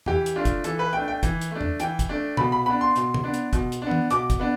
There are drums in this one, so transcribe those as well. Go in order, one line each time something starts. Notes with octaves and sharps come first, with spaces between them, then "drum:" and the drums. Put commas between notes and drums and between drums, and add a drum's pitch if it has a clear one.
E3 G4, drum: tom E2
drum: hi-hat
A3 D4 F4
drum: kick, hi-hat
E3 A4, drum: hi-hat
B4
A3 D4 G5
G5
E3, drum: kick, hi-hat
drum: hi-hat
A3 D4
drum: tom E2
E3 G5, drum: hi-hat
drum: kick, hi-hat
A3 D4
B2 B5, drum: tom
B5
B3 D4 B5
C6
B2, drum: hi-hat
drum: tom
B3 D4
drum: hi-hat
B2, drum: kick, hi-hat
drum: hi-hat
B3 D4
drum: tom
B2 D6, drum: hi-hat
drum: kick, hi-hat
B3 D4